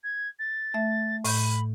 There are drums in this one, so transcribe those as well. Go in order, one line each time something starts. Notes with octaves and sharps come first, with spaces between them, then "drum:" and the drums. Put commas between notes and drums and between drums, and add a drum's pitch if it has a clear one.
G#6
A6
A3 E5
A2 B5 G6, drum: open hi-hat